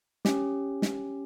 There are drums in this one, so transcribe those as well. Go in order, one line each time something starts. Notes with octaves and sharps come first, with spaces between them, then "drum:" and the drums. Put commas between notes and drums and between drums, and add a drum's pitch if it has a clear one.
C#4 G4, drum: snare
drum: snare